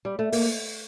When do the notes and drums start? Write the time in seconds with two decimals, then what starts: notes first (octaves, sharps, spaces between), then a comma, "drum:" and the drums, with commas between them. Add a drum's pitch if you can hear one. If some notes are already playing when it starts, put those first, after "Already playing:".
0.05 G3
0.19 A3
0.32 A#3, drum: open hi-hat